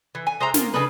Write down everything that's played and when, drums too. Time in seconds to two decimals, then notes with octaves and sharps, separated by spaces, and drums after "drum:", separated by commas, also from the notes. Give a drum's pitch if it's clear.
0.15 E3
0.27 G#5
0.40 G#3 C5 E5 A#5
0.54 A#3 F4, drum: snare
0.74 C#3 D4 D#4 B4